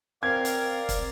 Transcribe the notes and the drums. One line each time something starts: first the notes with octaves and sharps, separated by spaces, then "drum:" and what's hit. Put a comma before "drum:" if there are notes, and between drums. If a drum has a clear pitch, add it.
C4 A#4 D5 F5 G#6
drum: hi-hat
drum: kick, hi-hat